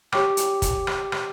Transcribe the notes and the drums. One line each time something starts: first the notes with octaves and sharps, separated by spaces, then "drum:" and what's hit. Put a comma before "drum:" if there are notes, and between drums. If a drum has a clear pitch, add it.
G4 C#5 G5 D6, drum: rim click
drum: hi-hat
drum: kick, hi-hat
drum: rim click
drum: rim click